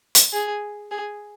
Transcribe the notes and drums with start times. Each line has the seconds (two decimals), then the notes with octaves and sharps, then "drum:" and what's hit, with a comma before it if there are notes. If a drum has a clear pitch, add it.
0.15 drum: hi-hat
0.33 G#4
0.91 G#4